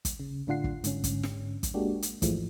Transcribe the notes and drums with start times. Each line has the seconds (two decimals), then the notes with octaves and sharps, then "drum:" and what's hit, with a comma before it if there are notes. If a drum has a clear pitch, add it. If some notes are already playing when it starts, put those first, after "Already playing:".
0.05 drum: kick, hi-hat
0.20 C#3
0.47 A2 D3 D4 F4 F#5 C7
0.64 drum: kick
0.84 G#2 D3 C#4, drum: hi-hat
1.04 drum: kick, hi-hat
1.23 drum: snare
1.63 drum: kick, hi-hat
1.74 G#3 A#3 D4 F#4 G4
2.02 drum: hi-hat
2.22 G#2 E3 F3 G#3 A3, drum: kick, hi-hat